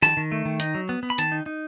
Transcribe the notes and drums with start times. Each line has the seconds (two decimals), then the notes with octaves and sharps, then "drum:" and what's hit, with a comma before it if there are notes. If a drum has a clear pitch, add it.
0.02 D#3 A5, drum: rim click
0.17 D#3
0.32 A3
0.45 D#3
0.60 D#4, drum: hi-hat
0.75 F#3
0.89 B3
1.03 B3
1.10 B5
1.18 D#3 A5, drum: hi-hat
1.32 D#4
1.46 D#4